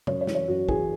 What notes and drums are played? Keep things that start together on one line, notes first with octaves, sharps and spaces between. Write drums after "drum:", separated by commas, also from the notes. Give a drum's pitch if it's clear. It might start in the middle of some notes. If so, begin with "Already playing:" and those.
F#2 C#5, drum: tom C3
C#5
E3, drum: snare
C#5
F#2 F#4
E3 G#4, drum: kick